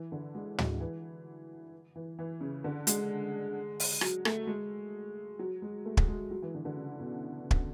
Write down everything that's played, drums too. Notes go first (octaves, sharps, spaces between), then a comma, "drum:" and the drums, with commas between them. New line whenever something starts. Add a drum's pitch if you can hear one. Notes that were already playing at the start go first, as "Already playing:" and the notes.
Already playing: E3
D3
G#3
F#3, drum: tom
E3
E3
E3
C#3
D3
G#3, drum: hi-hat
drum: open hi-hat
F#3, drum: rim click
A3, drum: rim click
G#3
F#3
G#3
A3
drum: kick
G#3
F#3
E3
D3
D3
C#3
B2
drum: kick